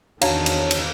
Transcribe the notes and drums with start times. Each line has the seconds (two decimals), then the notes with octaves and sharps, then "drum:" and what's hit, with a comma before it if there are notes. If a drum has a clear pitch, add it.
0.21 E2 D#3 D4 F#4 C#5 F5 A5 A#5, drum: cymbal
0.46 drum: cymbal
0.71 drum: cymbal